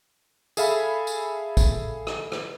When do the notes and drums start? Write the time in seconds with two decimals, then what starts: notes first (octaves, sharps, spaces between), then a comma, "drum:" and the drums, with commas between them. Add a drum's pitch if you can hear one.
0.57 G#4 A4 E5 F5 G#5 B5, drum: tambourine
1.07 drum: tambourine
1.57 drum: kick, tambourine
2.07 drum: rim click
2.32 drum: rim click